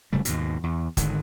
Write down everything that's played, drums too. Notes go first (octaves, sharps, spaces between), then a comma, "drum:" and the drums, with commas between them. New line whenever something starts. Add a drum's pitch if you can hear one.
F1 C#3 G3 A3
D#2 G#2 B2, drum: hi-hat
E2
G#1 D3 D#3, drum: kick, hi-hat